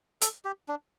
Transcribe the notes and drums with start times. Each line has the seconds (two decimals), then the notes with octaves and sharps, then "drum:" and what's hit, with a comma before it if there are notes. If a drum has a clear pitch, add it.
0.21 A4, drum: hi-hat
0.45 G4
0.68 D4